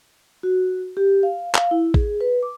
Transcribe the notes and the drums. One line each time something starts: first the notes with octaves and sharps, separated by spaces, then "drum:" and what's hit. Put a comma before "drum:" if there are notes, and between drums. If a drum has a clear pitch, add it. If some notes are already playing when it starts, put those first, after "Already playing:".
F#4
G4
F5
F5, drum: clap
E4
G#4, drum: kick
B4
D6